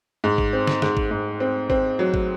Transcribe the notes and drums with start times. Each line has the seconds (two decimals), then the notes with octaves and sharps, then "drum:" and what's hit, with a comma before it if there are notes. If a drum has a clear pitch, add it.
0.24 G#2
0.38 drum: kick
0.53 C4
0.67 drum: snare
0.82 G#2, drum: snare
0.97 drum: kick
1.11 G#2
1.40 C4
1.70 C4, drum: kick
1.99 F#3
2.14 drum: kick